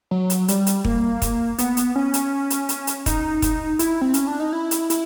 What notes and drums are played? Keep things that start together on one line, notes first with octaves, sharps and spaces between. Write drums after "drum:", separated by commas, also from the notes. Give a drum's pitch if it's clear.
F#3
drum: hi-hat
G3, drum: hi-hat
drum: hi-hat
A#3, drum: kick
drum: kick, hi-hat
B3, drum: hi-hat
drum: hi-hat
C#4
drum: hi-hat
drum: hi-hat
drum: hi-hat
drum: hi-hat
D#4, drum: kick, hi-hat
drum: kick, hi-hat
E4, drum: hi-hat
C4
C#4, drum: hi-hat
D4
D#4
E4
drum: hi-hat
E4, drum: hi-hat